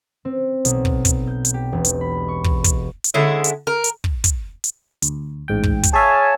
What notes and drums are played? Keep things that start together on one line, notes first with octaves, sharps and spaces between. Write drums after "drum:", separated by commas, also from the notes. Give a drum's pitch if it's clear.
C4
B1, drum: hi-hat
drum: kick
drum: kick, hi-hat
G6
drum: hi-hat
G4
E1
drum: hi-hat
B5
C#6
drum: kick
drum: kick, hi-hat
drum: hi-hat
D3 G#3 C#4 E4
drum: hi-hat
A#4
drum: hi-hat
drum: kick
drum: kick, hi-hat
drum: hi-hat
D2, drum: hi-hat
A1 G#2 G5
drum: kick
drum: kick, hi-hat
G#4 C#5 E5 F5 G#5 A5